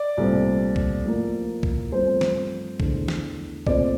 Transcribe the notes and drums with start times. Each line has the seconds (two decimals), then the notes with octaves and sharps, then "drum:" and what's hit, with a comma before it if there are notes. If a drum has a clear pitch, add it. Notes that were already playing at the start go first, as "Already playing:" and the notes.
Already playing: D5
0.17 C2 A#2 A3 C4
0.76 drum: kick
1.05 A2 F3 A#3
1.63 drum: kick
1.92 G2 F3 A3 C4 C5
2.21 drum: snare
2.80 E2 D3 A3 D4, drum: kick
3.08 drum: snare
3.67 A#2 A3 C4 D5, drum: kick